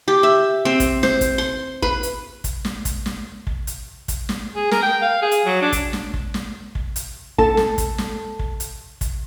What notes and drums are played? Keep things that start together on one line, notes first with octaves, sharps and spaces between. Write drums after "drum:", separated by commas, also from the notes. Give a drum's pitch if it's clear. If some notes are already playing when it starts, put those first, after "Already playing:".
G4
E5
C4
drum: kick, hi-hat
C5, drum: snare
drum: kick, hi-hat
C6
B4, drum: kick
drum: hi-hat
drum: kick, hi-hat
drum: snare
drum: kick, hi-hat
drum: snare
drum: kick
drum: hi-hat
drum: kick, hi-hat
drum: snare
G#4
A#4, drum: snare
G5
F5
G#4
drum: hi-hat
F#3
D4
drum: kick, hi-hat
drum: snare
drum: kick
drum: snare
drum: kick
drum: hi-hat
A4 A5, drum: kick
drum: snare
drum: kick, hi-hat
drum: snare
drum: kick
drum: hi-hat
drum: kick, hi-hat